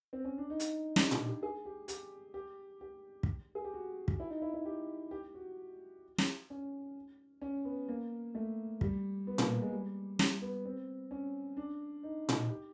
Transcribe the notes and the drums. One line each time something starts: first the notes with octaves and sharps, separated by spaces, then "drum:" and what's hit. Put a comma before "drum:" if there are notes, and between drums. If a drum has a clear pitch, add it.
C4
C#4
D4
D#4
drum: hi-hat
D4, drum: snare
G4, drum: tom A#2
G4
G#4
G4
G4, drum: hi-hat
G4
G4
drum: kick
G#4
G4
F#4
drum: kick
E4
D#4
E4
E4
G4
G4
F#4
drum: snare
C#4
C#4
B3
A#3
A3
G3, drum: kick
B3
A#3, drum: tom A#2
G#3
G3
G3, drum: snare
B3
C4
C#4
D4
D#4
drum: tom A#2
G4